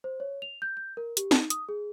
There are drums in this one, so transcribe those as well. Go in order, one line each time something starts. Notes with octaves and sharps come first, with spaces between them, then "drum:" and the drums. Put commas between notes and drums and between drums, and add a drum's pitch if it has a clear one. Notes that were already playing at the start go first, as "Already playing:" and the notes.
C5
C#5
F7
G6
G6
A#4
G4, drum: hi-hat
D#4, drum: snare
D#6, drum: hi-hat
G#4